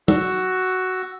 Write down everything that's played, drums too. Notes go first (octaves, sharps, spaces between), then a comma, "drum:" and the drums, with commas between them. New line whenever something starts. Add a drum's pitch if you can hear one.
F#4 E6, drum: tom